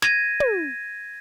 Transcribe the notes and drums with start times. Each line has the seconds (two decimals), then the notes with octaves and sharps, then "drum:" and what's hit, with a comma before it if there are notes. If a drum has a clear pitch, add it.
0.02 G#6 A#6 D#7, drum: snare
0.40 drum: tom